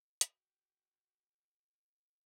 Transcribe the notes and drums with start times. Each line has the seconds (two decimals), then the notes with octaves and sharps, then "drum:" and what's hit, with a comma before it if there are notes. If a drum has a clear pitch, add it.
0.21 F#4 G5, drum: hi-hat